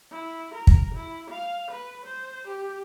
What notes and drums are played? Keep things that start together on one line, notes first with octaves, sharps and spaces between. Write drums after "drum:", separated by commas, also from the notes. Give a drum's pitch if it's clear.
E4
A#4
drum: kick
E4
F5
B4
C5
G4